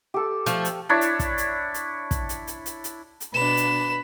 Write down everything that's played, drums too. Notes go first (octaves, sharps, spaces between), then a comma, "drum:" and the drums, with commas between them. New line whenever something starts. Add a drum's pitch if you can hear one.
G4 A4
F3 A3, drum: hi-hat
drum: hi-hat
D4 E4 C#5
drum: hi-hat
drum: kick, hi-hat
drum: hi-hat
drum: hi-hat
drum: kick, hi-hat
drum: hi-hat
drum: hi-hat
drum: hi-hat
drum: hi-hat
drum: hi-hat
B2 D4 B4 E7
drum: hi-hat